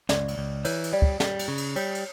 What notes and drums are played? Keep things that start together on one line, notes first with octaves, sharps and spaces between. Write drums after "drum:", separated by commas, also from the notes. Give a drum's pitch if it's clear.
C#2 D5, drum: snare
drum: cymbal
C#2
E3 C#5, drum: cymbal
drum: cymbal
G3 D5
drum: kick
G3, drum: snare
drum: cymbal
C#3
drum: cymbal
G3 C#5, drum: cymbal
drum: cymbal